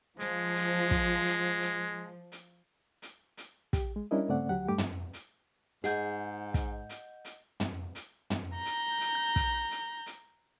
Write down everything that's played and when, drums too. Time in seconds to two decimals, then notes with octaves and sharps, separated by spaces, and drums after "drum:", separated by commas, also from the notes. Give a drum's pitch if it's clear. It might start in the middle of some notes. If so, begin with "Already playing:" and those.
0.20 F3 G#3, drum: hi-hat
0.56 drum: hi-hat
0.91 drum: kick, hi-hat
1.26 drum: hi-hat
1.61 drum: hi-hat
2.32 drum: hi-hat
3.02 drum: hi-hat
3.37 drum: hi-hat
3.73 G4, drum: kick, hi-hat
3.96 G#3
4.11 G3 C#4 D4 E4 A#4 D#5
4.28 G2 C#3 A3 C4 D5 F#5
4.49 D2 F#3 G4 F#5
4.69 G2 G3 A3 G4 D6
4.78 drum: tom
5.13 drum: hi-hat
5.84 G#2 G#4 D#5 F#5 G6, drum: hi-hat
6.54 drum: kick, hi-hat
6.89 drum: hi-hat
7.25 drum: hi-hat
7.60 drum: tom
7.95 drum: hi-hat
8.30 drum: tom
8.56 A#5 G6
8.65 drum: hi-hat
9.01 drum: hi-hat
9.36 drum: kick, hi-hat
9.71 drum: hi-hat
10.06 drum: hi-hat